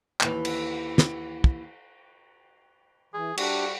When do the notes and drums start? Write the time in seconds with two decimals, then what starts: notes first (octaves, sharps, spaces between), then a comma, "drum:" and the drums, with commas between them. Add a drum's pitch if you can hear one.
0.21 D#2 E3, drum: clap
0.45 drum: cymbal
0.98 drum: snare
1.44 drum: kick
3.14 E3 G#4
3.38 G3 D4 F#4 G4, drum: cymbal